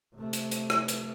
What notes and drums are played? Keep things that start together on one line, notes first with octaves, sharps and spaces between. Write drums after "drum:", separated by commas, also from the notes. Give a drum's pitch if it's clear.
C3 A3
drum: hi-hat
drum: hi-hat
drum: rim click
drum: hi-hat